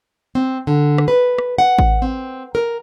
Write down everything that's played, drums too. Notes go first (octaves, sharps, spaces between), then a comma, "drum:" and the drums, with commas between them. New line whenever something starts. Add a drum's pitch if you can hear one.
C4
D3
drum: rim click
B4
drum: rim click
F#5
drum: kick A1
C4
A#4